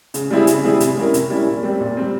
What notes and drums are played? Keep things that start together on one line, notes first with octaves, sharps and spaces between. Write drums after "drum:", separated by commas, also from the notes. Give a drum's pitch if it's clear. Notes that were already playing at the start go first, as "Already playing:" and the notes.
C#3, drum: hi-hat
G3 C4 E4 G#4
C#3, drum: hi-hat
G3 C4 E4 G#4
C3, drum: hi-hat
G3 C#4 E4 A#4
C3, drum: hi-hat
G3 C#4 E4 A#4
A#2
G3 C4
A#2
G3 C4